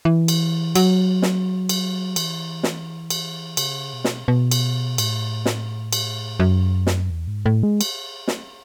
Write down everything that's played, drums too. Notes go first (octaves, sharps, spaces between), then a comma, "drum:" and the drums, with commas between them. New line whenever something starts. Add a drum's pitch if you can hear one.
E3
drum: cymbal
F#3, drum: cymbal
drum: snare
drum: cymbal
E3, drum: cymbal
drum: snare
drum: cymbal
C#3, drum: cymbal
B2
drum: snare
B2
drum: cymbal
A2, drum: cymbal
drum: snare
drum: cymbal
F#2
drum: snare
E2
G#2
A2
G#3
drum: cymbal
drum: snare